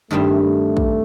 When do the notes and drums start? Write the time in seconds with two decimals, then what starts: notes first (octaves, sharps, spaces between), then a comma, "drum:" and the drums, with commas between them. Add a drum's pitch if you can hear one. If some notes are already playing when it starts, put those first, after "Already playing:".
0.10 G2 D#3 G3 A3 C4 G4
0.41 A3
0.77 drum: kick